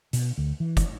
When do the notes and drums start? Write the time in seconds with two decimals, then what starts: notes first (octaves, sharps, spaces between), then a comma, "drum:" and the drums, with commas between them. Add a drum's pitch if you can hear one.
0.13 B2, drum: hi-hat
0.38 D2
0.60 E3
0.77 drum: kick, hi-hat